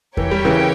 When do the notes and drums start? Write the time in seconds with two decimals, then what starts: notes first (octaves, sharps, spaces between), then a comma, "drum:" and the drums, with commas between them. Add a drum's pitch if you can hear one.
0.17 E3 G4 A#4 C#5 G5, drum: kick E2
0.31 G3
0.45 C#3 E3